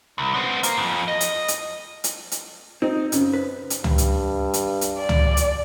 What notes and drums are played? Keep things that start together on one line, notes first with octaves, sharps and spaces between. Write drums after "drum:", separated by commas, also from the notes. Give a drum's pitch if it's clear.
C2
B3 C4
A#3, drum: hi-hat
F2
D#5
drum: hi-hat
drum: hi-hat
drum: hi-hat
drum: hi-hat
C4 D#4
F#2 C#3, drum: hi-hat
B4
drum: hi-hat
G2, drum: tom
drum: hi-hat
drum: hi-hat
drum: hi-hat
D5
drum: tom
drum: hi-hat